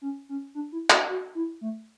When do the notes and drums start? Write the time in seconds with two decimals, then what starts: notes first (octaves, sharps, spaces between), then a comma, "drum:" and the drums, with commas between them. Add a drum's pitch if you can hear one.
0.02 C#4
0.29 C#4
0.55 D4
0.72 E4
0.90 F#4, drum: clap
1.09 F#4
1.35 E4
1.61 A3